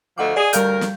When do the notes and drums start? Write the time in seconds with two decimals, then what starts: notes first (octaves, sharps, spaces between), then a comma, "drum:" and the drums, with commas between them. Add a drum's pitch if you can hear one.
0.18 D2 F3 A3 D#5 F#5 D6
0.36 G#4 D5
0.53 D2 G3 A#4 F5 G6, drum: hi-hat
0.81 drum: snare